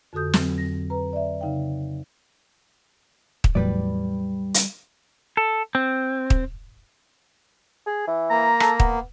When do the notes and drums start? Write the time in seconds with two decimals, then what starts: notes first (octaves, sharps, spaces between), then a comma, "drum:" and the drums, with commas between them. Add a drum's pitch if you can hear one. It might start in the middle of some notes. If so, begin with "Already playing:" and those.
0.13 F2 D3 F#4 A4 D#6 G6
0.33 F#3 C4, drum: snare
0.54 F2 A#6
0.90 B4 A#5
1.13 D5 E5
1.41 C#3 D#4 F5 G5
3.44 drum: kick
3.55 E2 A2 F#3 G3 B4 D5
4.54 drum: hi-hat
5.37 A4
5.75 C4
6.30 drum: kick
7.87 G#4
8.07 E3
8.30 A#3 A#5
8.60 A4, drum: rim click
8.80 B3, drum: kick